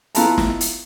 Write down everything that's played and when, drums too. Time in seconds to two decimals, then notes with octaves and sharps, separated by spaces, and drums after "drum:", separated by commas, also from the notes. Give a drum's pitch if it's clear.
0.15 B3 E4 F4 F5 A5 A#5, drum: hi-hat
0.38 drum: snare
0.61 drum: hi-hat